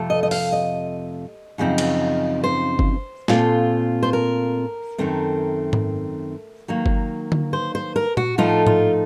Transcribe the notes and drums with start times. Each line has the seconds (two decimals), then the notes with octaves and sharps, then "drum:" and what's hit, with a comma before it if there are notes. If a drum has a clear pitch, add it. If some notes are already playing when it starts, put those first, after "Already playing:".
Already playing: F2 C3 F3 A3
0.10 D#5
0.23 D#5
0.31 F5, drum: open hi-hat
0.52 D#5
1.58 F#2 C#3 F3 C4 D#4
1.78 drum: cymbal
2.44 C5
2.79 drum: kick G1
3.28 A#2 A3 C4 F4, drum: snare
4.03 C5
4.13 A#4
4.98 F#2 D#3 A3 C4
5.73 drum: tom G#2
6.68 D#3 F#3 A#3
6.86 drum: kick G1
7.32 drum: tom D3
7.53 C5
7.75 C5
7.96 A#4
8.17 F#4, drum: tom A#2
8.38 A2 F3 A3 D#4 F4
8.67 F4, drum: tom G#2